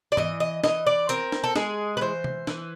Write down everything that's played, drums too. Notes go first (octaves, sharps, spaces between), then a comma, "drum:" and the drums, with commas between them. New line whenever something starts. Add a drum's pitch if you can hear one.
D5
E3 D#5, drum: tom G#2
D#5
E3 D#5, drum: snare
D5
C4 A#4, drum: hi-hat
drum: snare
A4
G#3 G#4, drum: snare
B4
E3 C5
drum: tom C3
E3, drum: snare